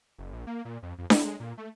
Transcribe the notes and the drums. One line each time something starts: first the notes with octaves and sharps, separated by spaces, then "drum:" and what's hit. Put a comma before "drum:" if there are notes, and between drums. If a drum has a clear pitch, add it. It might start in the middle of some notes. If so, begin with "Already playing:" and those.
F#1
A#1
A#3
A#2
F2
F2
E4, drum: snare D4
G#3
A#2
A3